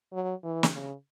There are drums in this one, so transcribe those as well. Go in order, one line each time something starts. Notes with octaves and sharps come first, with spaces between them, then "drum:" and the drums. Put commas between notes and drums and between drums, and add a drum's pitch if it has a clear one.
F#3
E3
drum: snare
C#3